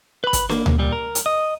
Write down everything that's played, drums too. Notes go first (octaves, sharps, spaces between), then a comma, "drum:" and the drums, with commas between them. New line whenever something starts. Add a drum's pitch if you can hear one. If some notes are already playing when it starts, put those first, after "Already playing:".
B4 B5
drum: kick, hi-hat
A#3, drum: snare
drum: tom D2
A#2 G3
A#4
drum: hi-hat
D#5